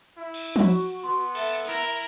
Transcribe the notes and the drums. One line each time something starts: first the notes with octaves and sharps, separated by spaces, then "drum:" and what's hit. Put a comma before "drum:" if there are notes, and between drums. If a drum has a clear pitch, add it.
E4
drum: cymbal
F#4, drum: tom F3
B3 C6
A4 E5, drum: cymbal
E4 A#4